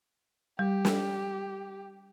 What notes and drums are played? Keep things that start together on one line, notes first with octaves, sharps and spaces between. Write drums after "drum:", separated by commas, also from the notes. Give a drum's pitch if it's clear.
G3 G4
drum: snare